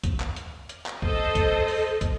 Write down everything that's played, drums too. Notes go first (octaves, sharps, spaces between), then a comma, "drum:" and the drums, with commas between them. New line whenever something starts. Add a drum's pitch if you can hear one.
drum: kick, hi-hat
drum: clap
drum: hi-hat
drum: hi-hat
drum: clap
A4 C5 D#5, drum: kick
drum: kick, hi-hat
drum: open hi-hat
drum: kick, hi-hat